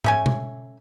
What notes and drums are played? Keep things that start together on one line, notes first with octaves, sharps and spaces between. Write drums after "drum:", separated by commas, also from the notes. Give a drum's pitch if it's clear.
A3 C#4 G#5, drum: tom
drum: tom B2